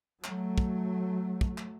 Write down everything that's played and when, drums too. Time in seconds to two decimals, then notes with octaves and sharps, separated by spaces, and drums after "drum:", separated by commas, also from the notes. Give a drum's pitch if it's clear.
0.24 F#3 A3, drum: clap
0.58 drum: kick
1.41 drum: kick
1.58 drum: clap